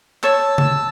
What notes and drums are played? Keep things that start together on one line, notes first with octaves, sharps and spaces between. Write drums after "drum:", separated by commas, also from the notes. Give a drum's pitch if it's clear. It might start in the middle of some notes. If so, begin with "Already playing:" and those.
C#5 A5 E6, drum: clap
drum: tom C#3